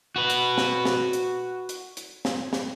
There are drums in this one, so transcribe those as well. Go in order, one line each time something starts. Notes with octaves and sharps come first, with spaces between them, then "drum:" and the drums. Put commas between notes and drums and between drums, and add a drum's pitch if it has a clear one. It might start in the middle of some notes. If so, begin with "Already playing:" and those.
F#4 B4
drum: hi-hat
drum: snare
drum: snare
drum: hi-hat
drum: hi-hat
drum: hi-hat
drum: snare
drum: snare